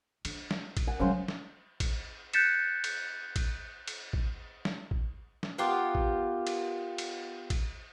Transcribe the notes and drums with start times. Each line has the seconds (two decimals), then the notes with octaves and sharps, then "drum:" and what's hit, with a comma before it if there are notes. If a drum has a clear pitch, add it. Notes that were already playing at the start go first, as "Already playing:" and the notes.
0.25 D4, drum: cymbal
0.51 drum: snare
0.77 drum: kick, cymbal
0.87 F#5 G#5
0.99 C#3 F#3 G#3 C#4 C5
1.28 drum: snare
1.80 drum: kick, cymbal
2.33 F#6 G6 A6 B6 C#7 E7, drum: cymbal
2.84 drum: cymbal
3.36 drum: kick, cymbal
3.87 drum: cymbal
4.13 drum: kick
4.65 drum: snare
4.91 drum: kick
5.43 drum: snare
5.58 B3 F4 G4 A#4
5.95 drum: kick
6.47 drum: cymbal
6.98 drum: cymbal
7.50 drum: kick, cymbal